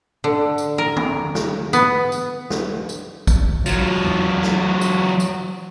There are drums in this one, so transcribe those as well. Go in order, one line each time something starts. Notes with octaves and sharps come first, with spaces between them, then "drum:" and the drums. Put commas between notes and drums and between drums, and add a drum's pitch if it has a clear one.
D3
drum: tambourine
A#4
drum: tom
drum: snare
B3, drum: tambourine
drum: tambourine
drum: snare
drum: tambourine
drum: kick, tambourine
F#3 F4, drum: tambourine
drum: tom E2
drum: snare
drum: tambourine
drum: tambourine